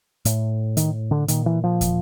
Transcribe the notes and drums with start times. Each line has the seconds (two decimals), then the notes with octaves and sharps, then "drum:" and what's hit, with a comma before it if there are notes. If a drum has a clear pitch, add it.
0.25 A2, drum: hi-hat
0.77 D#3, drum: hi-hat
1.11 D3
1.28 A#2 D#3, drum: hi-hat
1.46 E3
1.64 F3
1.81 drum: kick, hi-hat